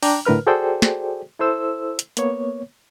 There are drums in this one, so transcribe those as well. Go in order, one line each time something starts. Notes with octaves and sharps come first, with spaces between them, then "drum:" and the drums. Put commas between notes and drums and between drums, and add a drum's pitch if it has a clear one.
D4 G5 A#5 D6, drum: open hi-hat
A2 D3 A#4 B4 F6
F#4 G#4 A4 C5 D5 G5
drum: snare
E4 A4 C5 E6
drum: hi-hat
A#3 B3 C#5, drum: hi-hat